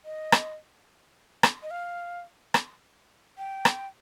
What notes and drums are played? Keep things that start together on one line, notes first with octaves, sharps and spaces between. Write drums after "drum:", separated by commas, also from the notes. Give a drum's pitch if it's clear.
D#5
drum: rim click
drum: rim click
D#5
F5
drum: rim click
G5
drum: rim click